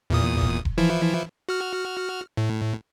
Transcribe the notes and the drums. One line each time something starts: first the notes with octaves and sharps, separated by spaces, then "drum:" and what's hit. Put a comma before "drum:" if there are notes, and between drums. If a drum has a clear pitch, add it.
E2 A#2 D#6
drum: kick E1
drum: kick E1
E3 F3 E4
F#4 F6
A2